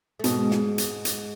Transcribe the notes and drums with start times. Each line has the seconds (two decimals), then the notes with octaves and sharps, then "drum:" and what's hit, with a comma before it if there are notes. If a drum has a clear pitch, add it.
0.19 A3
0.24 G#2 B2 G#3, drum: hi-hat
0.51 drum: snare
0.78 drum: hi-hat
1.05 drum: hi-hat